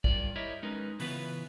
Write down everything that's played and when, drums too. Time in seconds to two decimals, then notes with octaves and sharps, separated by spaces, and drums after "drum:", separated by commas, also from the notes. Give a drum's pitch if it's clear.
0.04 G2 F4 A#4 D5, drum: kick
0.36 E4 G4 A#4 C#5 D#5
0.63 G#3 C#4 D#4 A#4 B4
1.00 C#3 E3 B3 F4 B4, drum: open hi-hat